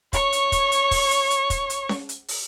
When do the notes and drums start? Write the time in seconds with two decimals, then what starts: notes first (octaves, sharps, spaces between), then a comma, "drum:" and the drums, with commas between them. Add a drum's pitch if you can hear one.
0.13 C#5 C#6, drum: kick, hi-hat
0.32 drum: hi-hat
0.52 drum: kick, hi-hat
0.72 drum: hi-hat
0.91 drum: kick, open hi-hat
1.11 drum: hi-hat
1.30 drum: hi-hat
1.50 drum: kick, hi-hat
1.70 drum: hi-hat
1.89 drum: snare C#4
2.09 drum: hi-hat
2.28 drum: open hi-hat